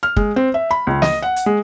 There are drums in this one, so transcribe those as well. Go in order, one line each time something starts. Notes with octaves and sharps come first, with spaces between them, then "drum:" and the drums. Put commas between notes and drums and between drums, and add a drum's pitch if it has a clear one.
F6
G#3, drum: kick
C4
E5
B5
C#2
D#5, drum: snare
F#5
drum: hi-hat
G#3